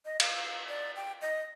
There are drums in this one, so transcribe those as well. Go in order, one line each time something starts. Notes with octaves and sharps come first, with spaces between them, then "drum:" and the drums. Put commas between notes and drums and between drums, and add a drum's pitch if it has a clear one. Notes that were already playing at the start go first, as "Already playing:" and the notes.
D#5
F5, drum: cymbal
D5
G5
D#5